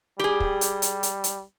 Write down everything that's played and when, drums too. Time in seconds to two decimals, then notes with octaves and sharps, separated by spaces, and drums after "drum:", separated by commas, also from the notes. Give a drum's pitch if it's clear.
0.20 G3 G4 G#4
0.40 drum: kick
0.61 drum: hi-hat
0.82 drum: hi-hat
1.03 drum: hi-hat
1.24 drum: hi-hat